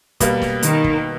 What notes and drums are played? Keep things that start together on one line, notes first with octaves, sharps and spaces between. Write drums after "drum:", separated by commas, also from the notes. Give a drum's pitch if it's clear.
B2 G3 A#3, drum: kick, hi-hat
drum: snare
D#3, drum: hi-hat
drum: kick